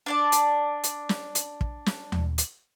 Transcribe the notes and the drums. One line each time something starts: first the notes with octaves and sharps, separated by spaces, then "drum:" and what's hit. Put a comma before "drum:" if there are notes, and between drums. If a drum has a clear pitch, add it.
D4 D5 A5
drum: hi-hat
drum: hi-hat
drum: snare
drum: hi-hat
drum: kick
drum: snare
drum: tom D#2
drum: hi-hat